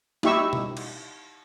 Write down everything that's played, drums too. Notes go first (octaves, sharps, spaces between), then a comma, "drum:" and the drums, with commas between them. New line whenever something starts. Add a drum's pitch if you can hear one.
D#4 E4 G4 E5 C#6 E6, drum: snare
drum: tom B2
drum: cymbal